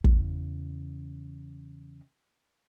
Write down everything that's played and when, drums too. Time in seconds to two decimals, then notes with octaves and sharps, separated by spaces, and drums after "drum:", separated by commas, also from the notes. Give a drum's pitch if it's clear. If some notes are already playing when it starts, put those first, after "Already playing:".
0.04 E2 C#3, drum: kick